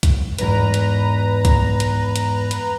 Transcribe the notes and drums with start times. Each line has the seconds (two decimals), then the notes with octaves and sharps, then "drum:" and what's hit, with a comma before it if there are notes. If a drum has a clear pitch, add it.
0.03 drum: kick C2, hi-hat
0.38 E2 G#2 A#4 B4 A#5, drum: hi-hat
0.74 drum: hi-hat
1.45 drum: kick C2, hi-hat
1.80 drum: hi-hat
2.16 drum: hi-hat
2.51 drum: hi-hat